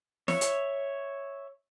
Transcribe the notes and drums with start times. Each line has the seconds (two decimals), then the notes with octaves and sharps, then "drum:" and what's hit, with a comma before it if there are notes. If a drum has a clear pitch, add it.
0.28 C#5 E5, drum: snare
0.41 drum: hi-hat